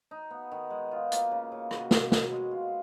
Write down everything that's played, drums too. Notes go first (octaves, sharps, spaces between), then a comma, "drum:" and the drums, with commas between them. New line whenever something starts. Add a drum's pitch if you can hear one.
D#4
B3
D#3
G#3
F4
A#3, drum: hi-hat
C#3
C#3
F#4, drum: rim click
C#4, drum: snare
B2, drum: snare
G#3
F4